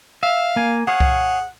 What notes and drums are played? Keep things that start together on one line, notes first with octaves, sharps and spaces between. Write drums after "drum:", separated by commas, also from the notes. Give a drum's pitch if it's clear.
E5 F5
A#3 G#5
G#4 C#5 F5 F#5
drum: kick C2